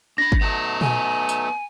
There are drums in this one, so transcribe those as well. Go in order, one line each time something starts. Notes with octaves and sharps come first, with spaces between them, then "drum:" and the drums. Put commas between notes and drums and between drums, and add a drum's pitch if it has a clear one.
D4 B5 A#6
drum: kick G1
F#3 A3 B3 D#4 A5
G#5, drum: tom A#2
drum: tambourine